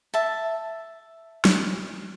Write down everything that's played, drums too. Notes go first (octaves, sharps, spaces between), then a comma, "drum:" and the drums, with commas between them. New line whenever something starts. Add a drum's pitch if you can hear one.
E5 A5
drum: snare